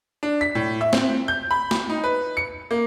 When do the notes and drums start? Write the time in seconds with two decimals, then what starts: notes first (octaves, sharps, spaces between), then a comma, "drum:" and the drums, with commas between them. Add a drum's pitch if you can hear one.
0.23 D4
0.41 B6
0.55 A2
0.81 E5
0.93 C4, drum: snare
1.28 G6
1.51 B5
1.71 drum: snare
1.90 D#4
2.04 B4
2.37 C#7
2.71 A#3